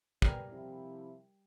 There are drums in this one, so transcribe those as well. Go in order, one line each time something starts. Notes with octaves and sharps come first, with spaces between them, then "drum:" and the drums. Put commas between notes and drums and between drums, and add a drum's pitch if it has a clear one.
G3 B3 A#4 G#5, drum: kick
C3 F3 E4